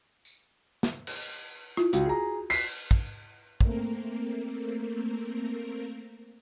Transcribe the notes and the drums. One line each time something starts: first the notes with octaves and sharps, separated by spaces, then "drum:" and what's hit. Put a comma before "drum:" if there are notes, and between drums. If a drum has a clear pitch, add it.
drum: tambourine
drum: snare
drum: cymbal
E4 F4, drum: rim click
C#2 F#4, drum: hi-hat
G#4 A#5
B6 C7, drum: cymbal
drum: kick
A3 A#3 C4 A#4, drum: kick